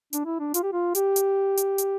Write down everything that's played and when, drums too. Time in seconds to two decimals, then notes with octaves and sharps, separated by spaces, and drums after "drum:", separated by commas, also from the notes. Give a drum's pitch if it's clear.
0.13 D4, drum: hi-hat
0.25 E4
0.39 D4
0.54 F4, drum: hi-hat
0.63 G4
0.72 F4
0.95 G4, drum: hi-hat
1.16 drum: hi-hat
1.57 drum: hi-hat
1.78 drum: hi-hat